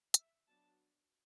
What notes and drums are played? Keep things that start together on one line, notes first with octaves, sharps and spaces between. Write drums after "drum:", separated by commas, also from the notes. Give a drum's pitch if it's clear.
E5, drum: hi-hat
F#3 B3 D4 A5